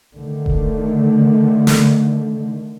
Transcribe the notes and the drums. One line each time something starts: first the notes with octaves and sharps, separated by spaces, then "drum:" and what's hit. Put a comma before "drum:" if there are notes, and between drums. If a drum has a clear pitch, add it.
D3 D#3 A3
drum: kick E1
drum: snare